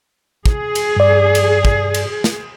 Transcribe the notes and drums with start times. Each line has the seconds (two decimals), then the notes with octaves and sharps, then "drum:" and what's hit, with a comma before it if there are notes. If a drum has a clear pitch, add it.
0.46 G#4, drum: kick
0.75 drum: cymbal
0.96 G2 D5
1.35 drum: cymbal
1.65 drum: kick
1.94 drum: cymbal
2.24 drum: snare